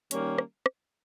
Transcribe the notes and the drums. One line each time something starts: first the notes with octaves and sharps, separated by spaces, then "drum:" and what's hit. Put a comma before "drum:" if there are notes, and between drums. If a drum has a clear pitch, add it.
D#3 G3 A#3 C#4, drum: hi-hat
drum: rim click
drum: rim click